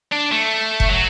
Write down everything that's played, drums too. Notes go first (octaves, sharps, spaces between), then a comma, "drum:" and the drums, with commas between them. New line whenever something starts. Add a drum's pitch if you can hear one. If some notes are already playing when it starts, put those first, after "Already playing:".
D4
A3
drum: kick F1
F#3